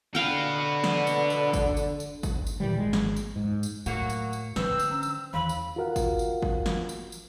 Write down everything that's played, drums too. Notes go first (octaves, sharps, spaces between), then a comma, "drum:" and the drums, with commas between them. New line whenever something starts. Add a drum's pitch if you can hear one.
D3 F#4 B4 F5 G5
drum: snare
drum: tambourine
drum: tambourine
drum: kick G1, tambourine
drum: tambourine
drum: tambourine
drum: kick G1, tambourine
drum: tambourine
A#2 D#3 E3 G3
G#1 G#3
drum: snare
drum: tambourine
G#2
drum: tambourine
A2 F#3 A#3 F#4, drum: tambourine
drum: tambourine
drum: tambourine
D3 C4 B4 E6, drum: snare
drum: tambourine
C#4
drum: tambourine
E2 D#3 E3 F5 B5
drum: tambourine
F4 F#4 A#4 F5 F#5
drum: kick G1, tambourine
drum: tambourine
drum: kick G1
drum: snare
drum: tambourine
drum: tambourine